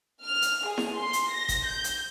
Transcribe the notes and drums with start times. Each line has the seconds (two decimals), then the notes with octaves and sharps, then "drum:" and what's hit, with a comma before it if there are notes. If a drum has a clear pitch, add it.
0.24 F6
0.42 drum: hi-hat
0.65 G#4
0.78 drum: snare E4
0.97 C6
1.13 drum: hi-hat
1.31 A#6
1.49 drum: kick, hi-hat
1.67 G6
1.84 drum: hi-hat